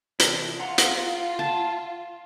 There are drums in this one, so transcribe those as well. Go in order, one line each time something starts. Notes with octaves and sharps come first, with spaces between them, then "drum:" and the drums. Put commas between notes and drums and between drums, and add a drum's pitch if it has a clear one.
C3 E3 D5, drum: hi-hat
F4 F#5 A#5 C6
drum: hi-hat
A5